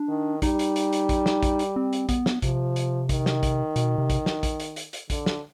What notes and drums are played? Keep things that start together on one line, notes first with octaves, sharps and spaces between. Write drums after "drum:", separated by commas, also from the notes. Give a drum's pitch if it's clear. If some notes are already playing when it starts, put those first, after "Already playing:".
Already playing: D4
D#3
G3 D#4, drum: kick A#1, hi-hat
drum: hi-hat
drum: hi-hat
drum: hi-hat
drum: kick A#1, hi-hat
drum: snare
drum: kick A#1, hi-hat
drum: hi-hat
C4
drum: hi-hat
B3, drum: kick A#1, hi-hat
drum: snare
C3 F3, drum: kick A#1, hi-hat
drum: hi-hat
D#3, drum: kick A#1, hi-hat
drum: snare
drum: kick A#1, hi-hat
B2, drum: hi-hat
C3
drum: kick A#1, hi-hat
drum: snare
drum: kick A#1, hi-hat
drum: hi-hat
drum: hi-hat
drum: hi-hat
D3, drum: kick A#1, hi-hat
drum: snare